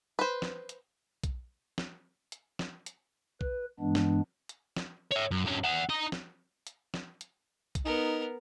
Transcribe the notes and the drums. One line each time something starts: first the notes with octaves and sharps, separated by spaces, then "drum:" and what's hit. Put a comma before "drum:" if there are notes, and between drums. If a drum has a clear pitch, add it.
B4 C5
drum: snare
drum: hi-hat
drum: kick B1, hi-hat
drum: snare
drum: hi-hat
drum: snare
drum: hi-hat
B4, drum: kick B1
G2 E3 G#3 B3 D4
drum: snare
drum: hi-hat
drum: snare
C#5 E5
F#2
G2 C#4
E5 F#5
D#4 A#5
drum: snare
drum: hi-hat
drum: snare
drum: hi-hat
drum: kick B1, hi-hat
B3 D#4 A#4